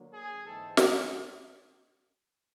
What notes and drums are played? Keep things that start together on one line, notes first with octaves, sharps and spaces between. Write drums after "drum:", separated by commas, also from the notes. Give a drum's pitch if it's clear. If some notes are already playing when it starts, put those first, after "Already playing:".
Already playing: D3 F#3 A#3
G#4
G#2 E3 G#3 C4 A4
G#4, drum: snare